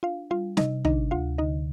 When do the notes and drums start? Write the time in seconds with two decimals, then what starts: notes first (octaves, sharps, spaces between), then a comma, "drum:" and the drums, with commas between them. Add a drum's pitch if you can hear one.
0.03 D4 F4 F5
0.30 G3 F4 F5
0.57 C3 D#4 D#5, drum: snare
0.85 D4 D#4 D#5, drum: tom
1.11 D2 F4 F5
1.38 D3 D#4 D#5